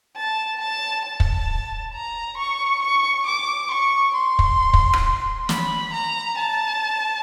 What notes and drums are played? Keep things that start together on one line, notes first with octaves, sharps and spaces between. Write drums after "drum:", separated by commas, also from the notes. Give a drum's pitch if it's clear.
A5
A5
A5
drum: kick
A#5
C#6
C#6
D6
C#6
C6
drum: kick
drum: kick
drum: rim click
B5, drum: snare
A#5
A5